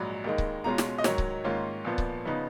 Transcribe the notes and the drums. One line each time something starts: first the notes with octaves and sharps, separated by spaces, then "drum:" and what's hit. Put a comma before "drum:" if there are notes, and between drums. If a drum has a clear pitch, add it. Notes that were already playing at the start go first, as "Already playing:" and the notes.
Already playing: A#1 G#2 F#3 B5
D#2 D#3 G#3 D#4
drum: kick C#1
C#2 B2 G#3 C#4 F4 A#5
drum: snare
D#5
G#2 D#3 F#3 C#5, drum: snare
drum: kick C#1
G#2 D#3 A#3 C#4 F4
A#1 A#2 F3 B3
drum: kick C#1
C#3 F3 B3 D#4